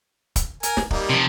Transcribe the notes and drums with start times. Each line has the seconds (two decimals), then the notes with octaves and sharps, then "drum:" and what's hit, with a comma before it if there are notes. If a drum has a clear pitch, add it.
0.36 drum: kick, hi-hat
0.63 A#4 G#5, drum: hi-hat
0.77 drum: snare
0.91 G3 A#3 D#4, drum: kick
1.09 C3 F3